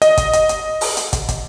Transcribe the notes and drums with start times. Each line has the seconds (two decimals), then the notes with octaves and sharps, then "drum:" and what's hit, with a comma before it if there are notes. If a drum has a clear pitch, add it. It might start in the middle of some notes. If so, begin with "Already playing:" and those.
0.02 D#5, drum: hi-hat
0.17 drum: kick, hi-hat
0.33 drum: hi-hat
0.49 drum: hi-hat
0.81 drum: open hi-hat
0.97 drum: hi-hat
1.13 drum: kick, hi-hat
1.29 drum: kick, hi-hat